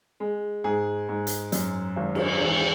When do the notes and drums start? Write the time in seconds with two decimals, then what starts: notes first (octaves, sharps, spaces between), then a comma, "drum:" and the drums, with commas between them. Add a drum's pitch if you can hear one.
0.20 G#3
0.64 G#2 G#4
1.09 G#2
1.27 drum: hi-hat
1.52 F#2, drum: hi-hat
1.96 G#1
2.15 drum: cymbal
2.40 E1